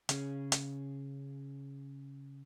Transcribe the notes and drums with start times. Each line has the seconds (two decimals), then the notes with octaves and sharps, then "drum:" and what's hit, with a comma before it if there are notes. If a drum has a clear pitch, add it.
0.09 C#3 C#4 G#4, drum: hi-hat
0.52 drum: hi-hat